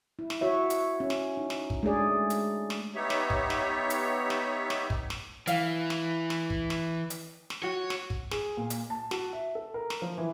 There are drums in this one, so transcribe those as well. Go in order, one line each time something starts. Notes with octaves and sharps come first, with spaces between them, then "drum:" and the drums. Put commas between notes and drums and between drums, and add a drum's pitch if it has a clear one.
E4
drum: snare
F#4 C#5 E5
drum: hi-hat
C#4
drum: snare
D#4
drum: snare
drum: kick
G#3 A3 D4 G#4 D5
drum: hi-hat
drum: snare
B3 D#4 G4 C#5 E5
drum: snare
drum: kick
drum: snare
drum: hi-hat
drum: snare
drum: snare
drum: kick
drum: snare
E3 F5, drum: hi-hat
drum: snare
drum: snare
drum: kick
drum: snare
drum: hi-hat
drum: snare
F#4 C#5
drum: snare
drum: kick
G#4, drum: snare
A#2
drum: hi-hat
A5
F#4, drum: snare
E5
A4
A#4
drum: snare
F3
E3